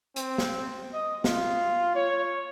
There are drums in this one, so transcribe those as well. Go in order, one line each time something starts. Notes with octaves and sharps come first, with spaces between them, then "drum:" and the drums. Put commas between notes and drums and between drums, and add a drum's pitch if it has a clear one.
C4, drum: hi-hat
drum: snare
D#5
F4, drum: snare
C#5